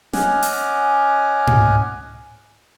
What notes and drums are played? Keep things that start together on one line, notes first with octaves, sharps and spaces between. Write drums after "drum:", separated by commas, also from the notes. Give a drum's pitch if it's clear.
C#4 D#5 F#5 G#5 D6 F6, drum: snare
drum: open hi-hat
drum: tom G#2